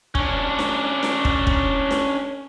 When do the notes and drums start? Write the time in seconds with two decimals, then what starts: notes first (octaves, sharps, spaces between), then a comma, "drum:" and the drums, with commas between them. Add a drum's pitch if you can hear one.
0.15 C#4 D4, drum: kick
0.59 drum: snare D4
1.03 drum: snare D4
1.25 drum: kick
1.47 drum: kick
1.91 drum: snare D4